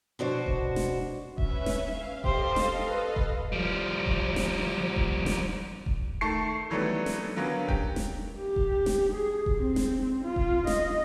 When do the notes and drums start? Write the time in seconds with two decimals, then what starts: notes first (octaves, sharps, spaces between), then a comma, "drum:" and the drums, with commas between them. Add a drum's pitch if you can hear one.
0.19 B2 D4 F#4 C5
0.46 drum: kick E1
0.76 drum: snare
1.38 C#4 B4 E5, drum: kick E1
1.66 drum: snare
1.85 F5
2.24 G4 A4 C5 D#5 F5, drum: kick E1
2.56 drum: snare
2.87 B4
3.16 drum: kick E1
3.52 F3 G3
4.06 drum: kick E1
4.36 drum: snare
4.96 drum: kick E1
5.26 drum: snare
5.86 drum: kick E1
6.21 D#3 A3 A5 C#6 C7
6.70 D#3 E3 F#3 G3 A3 B3
7.06 drum: snare
7.36 D3 F#3 A#3 B3 C#4
7.68 G4, drum: kick E1
7.96 drum: snare
8.39 G4
8.56 drum: kick E1
8.86 drum: snare
9.13 G#4
9.46 drum: kick E1
9.56 C4
9.76 drum: snare
10.24 F4
10.36 drum: kick E1
10.67 D#5, drum: snare